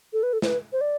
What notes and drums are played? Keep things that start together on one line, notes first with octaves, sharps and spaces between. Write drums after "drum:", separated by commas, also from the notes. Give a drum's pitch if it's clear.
A4
B4
A4
C5, drum: snare
B4
C5
D5